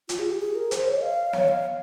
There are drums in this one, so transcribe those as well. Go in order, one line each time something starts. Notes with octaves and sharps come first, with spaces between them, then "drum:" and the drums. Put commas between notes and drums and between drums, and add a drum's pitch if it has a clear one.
F4, drum: hi-hat
G#4
G4
G#4
A#4
C5, drum: hi-hat
C#5
D#5
F5
C#5, drum: snare
F5